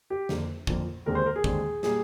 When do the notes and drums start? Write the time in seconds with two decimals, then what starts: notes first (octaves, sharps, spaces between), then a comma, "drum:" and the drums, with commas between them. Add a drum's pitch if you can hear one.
0.10 G4
0.29 F2 D3 F3 A#3, drum: snare
0.67 F2 D3 F3 A#3, drum: kick
1.06 D#2 D3 G#3 C4 A#4
1.15 C5
1.26 A#4
1.36 G#4
1.44 D#2 D3 G#3 C4, drum: kick
1.83 A#2 G3 A#3 G#4, drum: snare